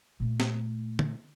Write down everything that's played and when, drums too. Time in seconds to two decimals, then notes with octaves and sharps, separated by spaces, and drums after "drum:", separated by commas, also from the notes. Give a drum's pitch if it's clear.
0.20 A#2 A3
0.40 drum: snare
0.99 drum: tom